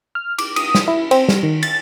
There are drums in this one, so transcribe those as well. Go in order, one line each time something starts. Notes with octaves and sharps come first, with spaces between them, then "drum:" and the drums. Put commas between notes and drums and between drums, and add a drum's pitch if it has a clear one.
F6
D6, drum: cymbal
D#6, drum: cymbal
drum: snare
E4
C4, drum: cymbal
G3, drum: snare
D#3
A6, drum: cymbal